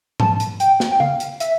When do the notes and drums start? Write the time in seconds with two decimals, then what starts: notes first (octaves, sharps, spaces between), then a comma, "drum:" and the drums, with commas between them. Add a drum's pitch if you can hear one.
0.20 A5, drum: tom G#2
0.40 drum: hi-hat
0.60 G5, drum: hi-hat
0.80 drum: snare
0.92 G5
1.00 F5, drum: tom C#3
1.20 drum: hi-hat
1.40 E5, drum: hi-hat